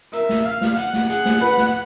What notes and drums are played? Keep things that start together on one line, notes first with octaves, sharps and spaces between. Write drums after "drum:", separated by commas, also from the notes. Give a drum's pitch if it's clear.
A#4 E5, drum: hi-hat
drum: snare
F5
drum: snare
F#5, drum: hi-hat
drum: snare
G#4 F#5, drum: hi-hat
drum: snare
B4, drum: hi-hat
drum: snare